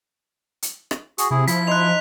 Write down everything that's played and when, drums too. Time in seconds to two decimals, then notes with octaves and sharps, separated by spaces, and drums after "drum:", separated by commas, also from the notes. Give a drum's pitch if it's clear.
0.62 drum: hi-hat
0.91 drum: rim click
1.18 F#4 G#4, drum: hi-hat
1.31 C3 E4 G#4
1.48 F3 E4 B6, drum: hi-hat
1.67 D#4 C6 F#6 F7